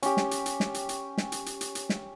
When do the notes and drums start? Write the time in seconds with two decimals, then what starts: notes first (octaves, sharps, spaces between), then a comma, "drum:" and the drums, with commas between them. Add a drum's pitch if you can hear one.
0.02 C#4 G4, drum: hi-hat
0.17 drum: snare
0.31 drum: hi-hat
0.46 drum: hi-hat
0.60 drum: snare
0.74 drum: hi-hat
0.89 drum: hi-hat
1.18 drum: snare
1.32 drum: hi-hat
1.46 drum: hi-hat
1.61 drum: hi-hat
1.75 drum: hi-hat
1.89 drum: snare